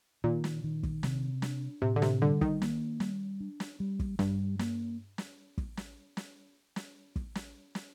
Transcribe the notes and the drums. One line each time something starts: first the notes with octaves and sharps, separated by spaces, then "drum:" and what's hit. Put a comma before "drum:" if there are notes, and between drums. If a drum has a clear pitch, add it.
A#2 D#3
drum: snare
D#3
drum: kick
C3, drum: snare
D4, drum: snare
A2 C3
D3
C3, drum: snare
D3 G3
D#3, drum: kick
A#3, drum: snare
G3, drum: snare
D4
drum: snare
G3
drum: kick
G2 G3, drum: snare
A#3, drum: snare
drum: snare
drum: kick
drum: snare
drum: snare
drum: snare
drum: kick
drum: snare
drum: snare